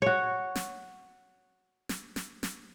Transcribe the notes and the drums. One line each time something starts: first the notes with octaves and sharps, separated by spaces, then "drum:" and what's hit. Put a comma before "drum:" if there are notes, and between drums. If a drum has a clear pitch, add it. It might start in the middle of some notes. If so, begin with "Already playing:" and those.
F#4 C#5
drum: snare
drum: snare
drum: snare
drum: snare